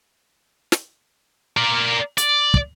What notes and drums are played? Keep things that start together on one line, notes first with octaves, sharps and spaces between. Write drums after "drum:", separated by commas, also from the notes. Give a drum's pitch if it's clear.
drum: snare
A#4 D5
D5, drum: hi-hat
drum: kick